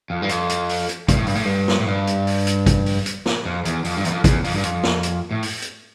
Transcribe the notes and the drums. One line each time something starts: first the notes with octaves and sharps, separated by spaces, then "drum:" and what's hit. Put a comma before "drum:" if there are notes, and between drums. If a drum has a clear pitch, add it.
F2
G2
F2, drum: hi-hat
drum: hi-hat
drum: open hi-hat
drum: hi-hat
G2, drum: kick G#1, hi-hat
A2
G2, drum: open hi-hat
A2
G2
drum: snare
A2
G2
drum: hi-hat
drum: open hi-hat
drum: hi-hat
drum: kick G#1, hi-hat
drum: open hi-hat
drum: hi-hat
drum: snare
F2
E2, drum: hi-hat
F2, drum: open hi-hat
G2
E2, drum: hi-hat
F2
E2, drum: kick G#1, hi-hat
F2, drum: open hi-hat
G2
F2, drum: hi-hat
drum: snare
drum: hi-hat
A2
drum: open hi-hat
drum: hi-hat